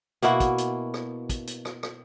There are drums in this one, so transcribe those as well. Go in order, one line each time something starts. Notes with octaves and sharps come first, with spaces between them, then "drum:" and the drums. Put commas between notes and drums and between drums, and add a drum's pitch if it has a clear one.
B2 A#3 E4 F#4, drum: hi-hat
drum: kick, hi-hat
drum: hi-hat
drum: rim click
drum: kick, hi-hat
drum: hi-hat
drum: rim click
drum: rim click